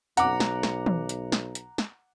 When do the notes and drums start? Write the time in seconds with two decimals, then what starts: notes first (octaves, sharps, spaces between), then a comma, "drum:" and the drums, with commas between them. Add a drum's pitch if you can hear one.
0.17 B1 F#5 A#5 D6, drum: hi-hat
0.40 drum: snare
0.63 drum: snare
0.86 drum: tom
1.09 drum: hi-hat
1.32 drum: snare
1.55 drum: hi-hat
1.78 drum: snare